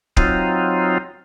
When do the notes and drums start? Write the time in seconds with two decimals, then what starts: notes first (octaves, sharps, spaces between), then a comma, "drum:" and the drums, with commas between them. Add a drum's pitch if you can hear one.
0.17 F#3 C4 D#4 F4, drum: kick D1